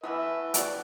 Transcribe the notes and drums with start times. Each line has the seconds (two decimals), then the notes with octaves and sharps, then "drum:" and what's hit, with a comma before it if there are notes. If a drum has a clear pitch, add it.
0.04 E3 A3 B3 E4 B4 E5
0.54 F#4 G4 D5 F#6, drum: hi-hat